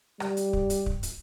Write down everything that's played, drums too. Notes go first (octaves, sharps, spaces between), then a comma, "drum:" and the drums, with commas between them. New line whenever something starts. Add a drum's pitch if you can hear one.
G3, drum: rim click
drum: hi-hat
drum: kick
drum: hi-hat
drum: kick
drum: hi-hat